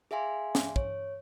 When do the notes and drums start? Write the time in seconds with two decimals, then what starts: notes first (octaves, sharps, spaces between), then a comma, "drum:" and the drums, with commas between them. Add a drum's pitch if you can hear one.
0.11 G#4 E5 F5 G#5 C6
0.55 drum: snare
0.76 C#5, drum: kick